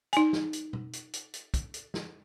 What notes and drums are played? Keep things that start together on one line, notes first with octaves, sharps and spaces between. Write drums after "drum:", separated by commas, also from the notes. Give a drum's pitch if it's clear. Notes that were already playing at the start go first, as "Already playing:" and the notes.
D#4 G#5, drum: hi-hat
drum: snare
drum: hi-hat
drum: tom
drum: hi-hat
drum: hi-hat
drum: hi-hat
drum: kick, hi-hat
drum: hi-hat
drum: snare